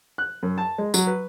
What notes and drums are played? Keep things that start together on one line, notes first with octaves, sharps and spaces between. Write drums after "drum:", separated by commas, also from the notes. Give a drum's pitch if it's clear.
F#6
F#2
A5
G#3
F#3, drum: tambourine
B4